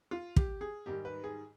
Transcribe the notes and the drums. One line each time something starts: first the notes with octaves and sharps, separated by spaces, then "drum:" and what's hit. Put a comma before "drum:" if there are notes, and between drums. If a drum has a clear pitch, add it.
F4
G4, drum: kick
G#4
G#2 D#3 G3 G4
B4
G#4